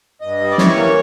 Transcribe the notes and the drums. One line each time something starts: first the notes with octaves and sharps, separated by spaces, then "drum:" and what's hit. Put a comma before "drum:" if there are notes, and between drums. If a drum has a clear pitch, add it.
G2 D#5
G3
D5
E3 C#5, drum: snare
A#3